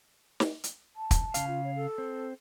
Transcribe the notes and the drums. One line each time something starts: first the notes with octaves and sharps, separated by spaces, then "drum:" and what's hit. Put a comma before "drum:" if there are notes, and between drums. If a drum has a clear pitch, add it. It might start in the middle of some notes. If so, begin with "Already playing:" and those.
drum: snare
drum: hi-hat
A5
drum: kick, hi-hat
C#3 F5, drum: hi-hat
F4
C#5
A4
C4